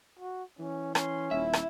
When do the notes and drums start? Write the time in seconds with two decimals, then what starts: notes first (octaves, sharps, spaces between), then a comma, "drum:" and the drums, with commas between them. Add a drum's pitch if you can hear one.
0.19 F#4
0.59 E3 C#4
0.95 C#4 C6, drum: rim click
1.31 D#1 E4 E5
1.53 drum: rim click